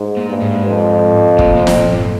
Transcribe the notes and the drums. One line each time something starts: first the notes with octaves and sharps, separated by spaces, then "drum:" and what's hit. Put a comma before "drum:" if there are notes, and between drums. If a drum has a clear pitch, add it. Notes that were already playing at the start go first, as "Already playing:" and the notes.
Already playing: G#2
A#2
G2
G#2
F2
A#2, drum: kick
C3
C3, drum: snare
A#2
G2